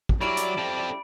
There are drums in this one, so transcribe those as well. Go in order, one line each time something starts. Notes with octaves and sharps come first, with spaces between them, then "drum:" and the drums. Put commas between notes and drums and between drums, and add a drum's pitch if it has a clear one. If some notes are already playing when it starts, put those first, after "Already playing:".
drum: kick
F#3 G3 E4 D5 B5 D7
drum: hi-hat
C4 A4